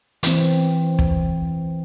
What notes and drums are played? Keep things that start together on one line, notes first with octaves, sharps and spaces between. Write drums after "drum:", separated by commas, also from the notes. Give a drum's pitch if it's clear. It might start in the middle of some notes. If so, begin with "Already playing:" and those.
E3 C4, drum: hi-hat
drum: kick